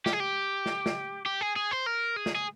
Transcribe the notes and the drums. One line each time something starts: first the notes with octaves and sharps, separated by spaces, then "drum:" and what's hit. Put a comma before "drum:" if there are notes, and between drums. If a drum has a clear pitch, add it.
G4, drum: snare
G#4
G4
drum: snare
drum: snare
G4
G#4
G#4
C5
A#4
G#4
drum: snare
G#4